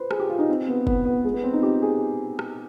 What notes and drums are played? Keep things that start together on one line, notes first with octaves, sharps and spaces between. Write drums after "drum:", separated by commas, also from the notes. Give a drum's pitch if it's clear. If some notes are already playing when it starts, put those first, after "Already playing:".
Already playing: B4 C5
G#4, drum: rim click
G4
F4
D#4
C4
B3
B3, drum: kick
B3
G#3
B3
C4
D#4
G4
G#4
drum: rim click